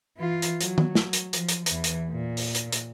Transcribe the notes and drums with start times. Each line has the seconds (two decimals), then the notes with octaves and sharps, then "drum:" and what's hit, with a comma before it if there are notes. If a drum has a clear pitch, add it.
0.17 E3 F4
0.42 drum: hi-hat
0.61 F#3, drum: hi-hat
0.78 drum: tom D#3
0.95 drum: snare
1.13 drum: hi-hat
1.33 F3, drum: hi-hat
1.49 drum: hi-hat
1.66 E2 E3, drum: hi-hat
1.84 drum: hi-hat
2.10 A#2
2.37 drum: open hi-hat
2.55 drum: hi-hat
2.72 drum: hi-hat